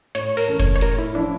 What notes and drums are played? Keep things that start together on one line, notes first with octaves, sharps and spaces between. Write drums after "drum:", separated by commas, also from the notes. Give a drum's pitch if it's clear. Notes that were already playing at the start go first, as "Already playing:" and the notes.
A2 C#5, drum: hi-hat
A#4, drum: open hi-hat
E3 A3 C#4
C#5, drum: kick F1, hi-hat
C#5
A2 A#4, drum: hi-hat
E4
F3 C#4 D4 E4